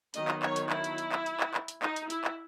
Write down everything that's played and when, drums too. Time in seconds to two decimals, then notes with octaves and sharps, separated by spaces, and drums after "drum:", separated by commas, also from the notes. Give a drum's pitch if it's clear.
0.14 D#3 F#3 B3 D#5, drum: hi-hat
0.28 drum: clap
0.43 C#5, drum: clap
0.56 drum: hi-hat
0.70 E4, drum: clap
0.84 drum: hi-hat
0.98 drum: hi-hat
1.12 drum: clap
1.26 drum: hi-hat
1.40 drum: clap
1.54 drum: clap
1.68 drum: hi-hat
1.83 D#4, drum: clap
1.96 drum: hi-hat
2.10 E4, drum: hi-hat
2.24 drum: clap